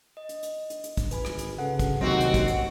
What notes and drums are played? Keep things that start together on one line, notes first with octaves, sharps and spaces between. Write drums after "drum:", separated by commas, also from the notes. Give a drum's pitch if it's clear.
D#5
drum: hi-hat
drum: hi-hat
drum: hi-hat
drum: hi-hat
drum: kick, hi-hat
G#1 B4 G#5 B5, drum: hi-hat
drum: rim click
drum: hi-hat
C#3 F#4 A4 B4 F#5
drum: kick, hi-hat
D#2 C3 F#3 C4 F#4 G4 D#5 A#6
drum: hi-hat
drum: kick, hi-hat
drum: hi-hat